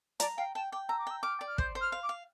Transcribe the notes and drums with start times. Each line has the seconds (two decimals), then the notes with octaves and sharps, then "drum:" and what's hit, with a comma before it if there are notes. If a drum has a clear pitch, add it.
0.20 D5 A#5, drum: hi-hat
0.37 F5 G5
0.55 G5 A5
0.72 G5 D6
0.89 A#5 E6
0.99 D6
1.07 G5 E6
1.23 D6 F6
1.41 D5
1.48 F6
1.58 C5 G6, drum: kick
1.75 C5
1.81 F6
1.92 F5
2.03 D6
2.09 F5